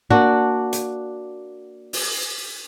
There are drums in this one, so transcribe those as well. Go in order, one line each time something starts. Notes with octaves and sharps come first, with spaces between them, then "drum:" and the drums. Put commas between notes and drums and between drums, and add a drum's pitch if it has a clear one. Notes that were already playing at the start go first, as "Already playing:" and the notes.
A#3 D4 F#4
drum: hi-hat
drum: open hi-hat